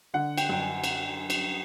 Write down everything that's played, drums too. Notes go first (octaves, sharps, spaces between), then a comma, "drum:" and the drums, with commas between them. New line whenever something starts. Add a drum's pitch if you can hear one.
D3 F#5
G5, drum: cymbal
F#2 G5
G#5
drum: cymbal
drum: cymbal